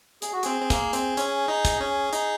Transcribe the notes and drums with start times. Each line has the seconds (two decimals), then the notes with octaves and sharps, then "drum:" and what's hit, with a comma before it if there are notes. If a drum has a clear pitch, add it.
0.22 G#4, drum: hi-hat
0.33 F#4
0.43 C4 G#4, drum: hi-hat
0.62 C4
0.70 A#3, drum: kick, hi-hat
0.93 C4, drum: hi-hat
1.17 C#4, drum: hi-hat
1.48 D#4
1.65 drum: kick, hi-hat
1.81 C#4
2.13 D#4, drum: hi-hat